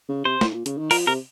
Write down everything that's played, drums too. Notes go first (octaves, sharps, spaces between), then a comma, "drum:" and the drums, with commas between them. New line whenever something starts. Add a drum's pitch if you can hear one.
C#3
C3 C5
A2, drum: snare
A#2
C#3, drum: hi-hat
D#3
F3 A#4, drum: open hi-hat
C3 A#4